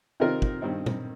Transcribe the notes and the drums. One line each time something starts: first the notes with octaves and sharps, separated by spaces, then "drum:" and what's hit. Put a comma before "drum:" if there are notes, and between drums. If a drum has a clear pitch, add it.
C3 D#3 C4 F4 A#4
drum: kick
G2 D#3 C4 D#4
drum: tom A#2